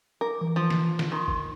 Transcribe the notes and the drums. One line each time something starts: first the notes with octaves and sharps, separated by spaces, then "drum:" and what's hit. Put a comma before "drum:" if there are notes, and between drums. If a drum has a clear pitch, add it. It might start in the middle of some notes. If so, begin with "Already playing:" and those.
A#4 D6
E3
F3
drum: snare
drum: snare
D#3 C6
drum: kick